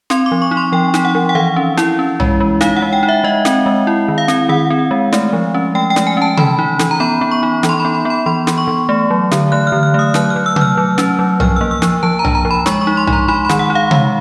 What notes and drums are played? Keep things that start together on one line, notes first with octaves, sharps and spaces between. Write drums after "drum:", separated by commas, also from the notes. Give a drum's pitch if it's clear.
C4 C6, drum: snare
D6
F3
C#6
D#4
C6
F3 G5
D#4, drum: snare
F#5
F3
F#5
E3 F5
C#4
E4, drum: snare
C#4
G#3, drum: tom B1
G#3
D#4 F5, drum: snare
F#5
G#3
G5
D#4
E5
G#3 D#5
C4, drum: snare
G#3
E4
D#3
F5
C4, drum: snare
D#3 F#5
C4
G#3
A3, drum: snare
F3
C#4
A3 G5
G5
A3, drum: snare
G#5
C#4 A5
E3 B5, drum: tom C3
D#4
E3, drum: snare
A#5
B3 B5
B3
C#6
D#4
E3, drum: snare
C6
B5
B3
B5
B3
B5
E3 C6
E3, drum: snare
C#6
E3
A3
F#3
D3, drum: snare
A3 F#6
F6
D3
F6
A3 D#6
F#3 F#6, drum: snare
F6
F#3
E6
F#3, drum: tom C3
F6
F#3
C#4, drum: snare
F#3
F3 F6, drum: tom B1
E6
A#3
E6
F3, drum: snare
F3 A5
A#5
D4, drum: tom B1
A#5
F3
B5
G#3 C#6, drum: snare
C#6
D#4
C6
D#4, drum: tom B1
A#5
D#4 B5
B5
D#3, drum: snare
F#5
D#4
F5
G#3 F5, drum: tom C3